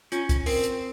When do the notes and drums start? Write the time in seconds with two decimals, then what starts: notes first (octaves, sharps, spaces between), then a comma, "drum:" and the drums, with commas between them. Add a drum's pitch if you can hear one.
0.12 C#4 F4, drum: hi-hat
0.29 drum: kick, hi-hat
0.46 C4 A#4, drum: open hi-hat
0.64 drum: hi-hat